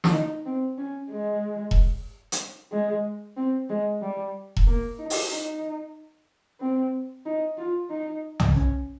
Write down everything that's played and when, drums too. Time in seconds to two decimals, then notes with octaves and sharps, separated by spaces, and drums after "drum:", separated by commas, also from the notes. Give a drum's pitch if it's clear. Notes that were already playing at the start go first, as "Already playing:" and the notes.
0.04 drum: snare
0.13 D#4
0.46 C4
0.78 C#4
1.11 G#3
1.71 drum: kick E1
2.32 drum: hi-hat
2.72 G#3
3.37 C4
3.70 G#3
4.02 G3
4.57 drum: kick E1
4.67 A#3
4.99 D#4
5.10 drum: open hi-hat
5.31 D#4
6.61 C4
7.26 D#4
7.58 F4
7.90 D#4
8.40 drum: tom B1
8.55 C#4